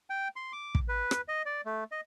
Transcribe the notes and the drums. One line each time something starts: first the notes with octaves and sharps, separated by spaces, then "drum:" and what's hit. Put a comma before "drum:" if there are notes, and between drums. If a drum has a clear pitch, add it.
G5
C6
D6
drum: kick
B4
drum: rim click
D#5
D5
A3
D#5